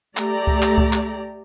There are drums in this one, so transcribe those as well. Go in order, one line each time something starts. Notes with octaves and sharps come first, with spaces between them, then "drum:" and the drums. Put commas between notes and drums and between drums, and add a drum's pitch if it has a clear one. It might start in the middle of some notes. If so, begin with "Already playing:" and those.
A3 G4 D5 A#5, drum: clap
drum: kick C#2
drum: clap
drum: kick C#2
drum: clap